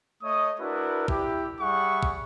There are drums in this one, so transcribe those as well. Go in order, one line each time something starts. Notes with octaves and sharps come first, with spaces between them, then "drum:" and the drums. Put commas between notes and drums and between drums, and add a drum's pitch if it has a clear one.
A3 C#5 D#5 D#6
D4 E4 F#4 A#4 B4
E4 G4, drum: kick
G3 G#4 E5 F#5 C#6
drum: kick